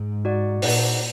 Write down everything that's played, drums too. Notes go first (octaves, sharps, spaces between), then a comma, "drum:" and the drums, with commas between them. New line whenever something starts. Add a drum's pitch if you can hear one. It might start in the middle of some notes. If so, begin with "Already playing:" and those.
Already playing: G#2
D#4 F#4 D5 F#5
A#2 D#4 F#4 D5 F#5, drum: open hi-hat